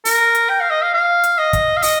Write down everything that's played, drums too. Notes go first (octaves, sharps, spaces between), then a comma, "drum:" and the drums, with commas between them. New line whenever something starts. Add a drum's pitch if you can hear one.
A#4, drum: open hi-hat
drum: hi-hat
G5
F5
D#5
F5
F5
drum: hi-hat
D#5
drum: kick, hi-hat
F5
D#5, drum: open hi-hat